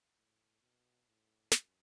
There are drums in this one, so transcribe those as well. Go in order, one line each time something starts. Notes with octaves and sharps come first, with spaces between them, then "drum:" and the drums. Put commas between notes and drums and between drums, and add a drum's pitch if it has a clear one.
A2
B2
A2
F#2, drum: snare